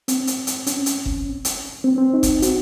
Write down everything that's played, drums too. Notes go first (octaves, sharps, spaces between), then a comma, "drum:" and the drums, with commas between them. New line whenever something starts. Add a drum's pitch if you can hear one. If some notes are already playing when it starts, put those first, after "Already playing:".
C4, drum: hi-hat
drum: hi-hat
drum: hi-hat
C#4, drum: hi-hat
drum: hi-hat
drum: kick F#1
drum: hi-hat
C4
C4
D#4
drum: kick F#1, hi-hat
F#4, drum: hi-hat